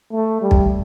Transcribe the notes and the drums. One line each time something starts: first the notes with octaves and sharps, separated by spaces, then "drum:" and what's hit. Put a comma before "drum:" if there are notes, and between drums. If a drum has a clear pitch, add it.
A3
G3
drum: kick